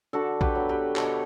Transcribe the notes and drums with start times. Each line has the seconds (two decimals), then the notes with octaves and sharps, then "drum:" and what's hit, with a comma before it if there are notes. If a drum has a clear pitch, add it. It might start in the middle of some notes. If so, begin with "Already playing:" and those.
0.13 D3 F#4 A4
0.41 G4 B4, drum: kick A#1
0.55 F#3 B3
0.69 G4 B4
0.96 B2 A4 C#5, drum: clap